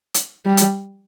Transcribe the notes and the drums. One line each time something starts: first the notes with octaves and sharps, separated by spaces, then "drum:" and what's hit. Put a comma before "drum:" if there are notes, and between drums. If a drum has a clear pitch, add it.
drum: hi-hat
G3
drum: hi-hat